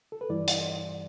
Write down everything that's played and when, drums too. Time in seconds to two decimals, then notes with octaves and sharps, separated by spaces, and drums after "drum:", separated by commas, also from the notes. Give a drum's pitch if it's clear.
0.12 A4
0.21 B4
0.29 G2 E3 G3 E4 D5
0.48 drum: hi-hat